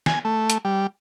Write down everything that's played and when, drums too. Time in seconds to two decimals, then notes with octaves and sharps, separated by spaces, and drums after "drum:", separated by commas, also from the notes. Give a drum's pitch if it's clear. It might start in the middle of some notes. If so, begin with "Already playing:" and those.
0.06 G#5, drum: snare
0.25 A3
0.50 drum: hi-hat
0.65 G3